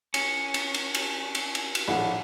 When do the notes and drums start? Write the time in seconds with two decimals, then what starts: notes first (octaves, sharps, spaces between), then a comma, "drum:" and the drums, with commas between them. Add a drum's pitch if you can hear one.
0.14 C#4, drum: cymbal
0.54 drum: cymbal
0.74 drum: cymbal
0.94 drum: cymbal
1.35 drum: cymbal
1.55 drum: cymbal
1.75 drum: cymbal
1.88 A#1 A2 F#5